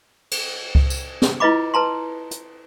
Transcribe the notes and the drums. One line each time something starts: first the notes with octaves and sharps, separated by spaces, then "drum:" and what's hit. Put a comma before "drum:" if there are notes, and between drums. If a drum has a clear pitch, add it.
drum: cymbal
drum: kick C#2
drum: tambourine
drum: snare
E4 F4 B4 D#5 B5 D6
B4 A5 A#5 C6
drum: hi-hat